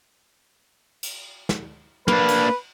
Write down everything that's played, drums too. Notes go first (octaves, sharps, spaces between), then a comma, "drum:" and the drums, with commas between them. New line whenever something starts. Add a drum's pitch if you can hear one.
drum: cymbal
drum: snare
A#3 D4 B4, drum: tom
drum: cymbal